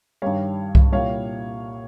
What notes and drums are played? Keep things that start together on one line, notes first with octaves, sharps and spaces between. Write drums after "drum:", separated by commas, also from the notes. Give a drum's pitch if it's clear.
G2 D#3 G3 C#5 F5
drum: kick C2
C2 A#2 G3 C#5 F5